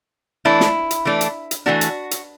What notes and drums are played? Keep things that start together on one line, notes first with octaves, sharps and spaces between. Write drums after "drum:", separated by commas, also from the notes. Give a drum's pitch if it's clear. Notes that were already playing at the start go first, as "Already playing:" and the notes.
E3 A3 D4 E4
drum: snare
drum: hi-hat
E3 A3 D4
drum: hi-hat
drum: hi-hat
E3 A3 D4 F#4
drum: hi-hat
drum: hi-hat